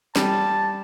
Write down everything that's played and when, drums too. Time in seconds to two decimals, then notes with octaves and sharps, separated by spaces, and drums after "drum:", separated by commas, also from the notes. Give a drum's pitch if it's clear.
0.16 G3 A5, drum: snare